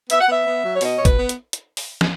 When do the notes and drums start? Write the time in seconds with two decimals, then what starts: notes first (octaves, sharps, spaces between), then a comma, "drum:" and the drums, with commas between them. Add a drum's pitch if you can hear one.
0.10 B3 E5, drum: hi-hat
0.21 F#5
0.28 B3 E5
0.45 B3
0.64 F#3
0.74 C#5
0.81 B2 D#5, drum: open hi-hat
0.98 B2 C#5
1.05 B4, drum: kick A1, hi-hat
1.17 B3
1.29 drum: hi-hat
1.53 drum: hi-hat
1.77 drum: open hi-hat
2.01 drum: snare